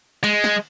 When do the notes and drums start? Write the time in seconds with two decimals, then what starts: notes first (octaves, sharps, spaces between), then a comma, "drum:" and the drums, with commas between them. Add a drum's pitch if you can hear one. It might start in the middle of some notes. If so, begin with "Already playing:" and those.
0.24 G#3, drum: cymbal
0.44 drum: snare